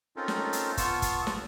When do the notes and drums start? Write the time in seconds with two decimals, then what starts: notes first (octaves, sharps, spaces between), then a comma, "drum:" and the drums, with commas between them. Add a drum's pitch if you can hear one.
0.16 C4 C#4 D#4 F4 A4 A#4
0.28 drum: snare
0.53 drum: hi-hat
0.77 B3 F4 A5 C#6 E6, drum: kick G1, hi-hat
1.02 drum: kick G1, hi-hat
1.27 drum: snare